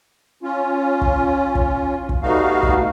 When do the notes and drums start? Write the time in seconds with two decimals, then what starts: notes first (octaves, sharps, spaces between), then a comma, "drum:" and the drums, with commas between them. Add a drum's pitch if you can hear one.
0.43 C#4 F4
1.01 drum: kick
1.55 drum: kick
2.09 drum: kick
2.22 G3 A3 B3 D#4 F#4 F5
2.63 drum: kick